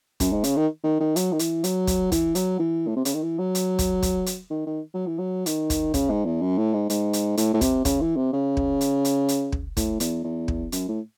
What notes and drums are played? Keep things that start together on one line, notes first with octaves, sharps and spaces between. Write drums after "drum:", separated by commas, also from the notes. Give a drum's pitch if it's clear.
F#2, drum: kick, hi-hat
G#2
C#3, drum: hi-hat
D#3
D#3
D#3
F#3, drum: hi-hat
D#3
E3, drum: hi-hat
F#3, drum: hi-hat
drum: kick, hi-hat
E3, drum: kick, hi-hat
F#3, drum: hi-hat
E3
A2
C3
C#3, drum: hi-hat
D#3
E3
F#3
drum: hi-hat
drum: kick, hi-hat
drum: kick, hi-hat
drum: hi-hat
D#3
D#3
F#3
E3
F#3
D#3, drum: hi-hat
drum: kick, hi-hat
C#3, drum: kick, hi-hat
G#2
E2
F#2
A2
G#2
G#2, drum: hi-hat
drum: hi-hat
A2, drum: hi-hat
A2
C3, drum: kick, hi-hat
C#3, drum: kick, hi-hat
E3
C3
C#3
drum: kick
drum: hi-hat
drum: hi-hat
drum: hi-hat
drum: kick
A2, drum: kick, hi-hat
E2, drum: hi-hat
E2
drum: kick
F#2, drum: hi-hat
A2